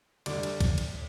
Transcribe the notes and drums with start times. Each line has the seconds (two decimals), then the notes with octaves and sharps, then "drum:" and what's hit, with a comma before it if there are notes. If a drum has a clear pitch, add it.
0.26 D2 D3 G3 D5, drum: cymbal
0.43 drum: cymbal
0.61 drum: kick, cymbal
0.78 drum: cymbal